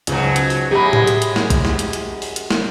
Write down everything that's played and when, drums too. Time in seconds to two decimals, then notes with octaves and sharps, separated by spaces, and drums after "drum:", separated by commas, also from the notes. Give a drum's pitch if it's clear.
0.07 C#2 G#2 B2 F#3, drum: hi-hat
0.36 drum: hi-hat
0.50 drum: open hi-hat
0.71 F#2 F#3 G#3 G4 B5
0.93 drum: tom A2
1.07 drum: hi-hat
1.22 drum: hi-hat
1.36 drum: snare
1.50 drum: kick, hi-hat
1.65 drum: snare
1.79 drum: hi-hat
1.93 drum: hi-hat
2.22 drum: open hi-hat
2.36 drum: hi-hat
2.51 drum: snare